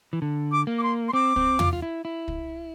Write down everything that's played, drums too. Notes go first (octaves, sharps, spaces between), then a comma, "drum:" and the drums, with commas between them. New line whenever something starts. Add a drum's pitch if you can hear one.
E3
D3
D6
A#3
D6
C6
C6
C4 D6
C4, drum: kick
F4, drum: tom
F4
E4
E4
drum: kick